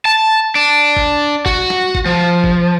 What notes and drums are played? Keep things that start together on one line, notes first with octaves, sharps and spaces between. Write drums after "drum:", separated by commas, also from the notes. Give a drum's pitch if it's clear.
A5
D4
drum: kick
F#4, drum: kick
drum: snare
drum: kick
F3
drum: kick